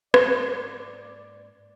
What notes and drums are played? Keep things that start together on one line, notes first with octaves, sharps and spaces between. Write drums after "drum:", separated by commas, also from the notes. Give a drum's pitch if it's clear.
G#2 A#3 D5, drum: rim click